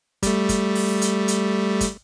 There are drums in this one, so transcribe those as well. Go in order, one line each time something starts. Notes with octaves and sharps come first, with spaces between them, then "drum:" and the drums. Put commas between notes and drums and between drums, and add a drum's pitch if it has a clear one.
G3 A3, drum: kick, hi-hat
drum: kick, hi-hat
drum: open hi-hat
drum: hi-hat
drum: hi-hat
drum: kick, hi-hat